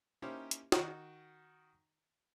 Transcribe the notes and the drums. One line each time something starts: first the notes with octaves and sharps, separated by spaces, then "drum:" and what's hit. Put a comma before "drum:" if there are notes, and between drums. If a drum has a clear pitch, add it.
A#3 C#4 D#4 E4 G4 C5
drum: hi-hat
D#3 F#4 D#5 C#6, drum: snare